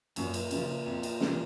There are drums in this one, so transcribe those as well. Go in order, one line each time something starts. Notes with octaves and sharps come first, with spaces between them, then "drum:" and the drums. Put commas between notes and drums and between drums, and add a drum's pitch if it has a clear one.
F#2 A#2, drum: cymbal
drum: cymbal
C#3 F3, drum: cymbal
F2
drum: cymbal
C3 E3, drum: snare